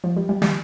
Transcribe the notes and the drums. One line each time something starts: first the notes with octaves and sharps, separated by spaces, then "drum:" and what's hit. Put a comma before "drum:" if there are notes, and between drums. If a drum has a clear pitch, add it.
F3
G3
G3
G3, drum: snare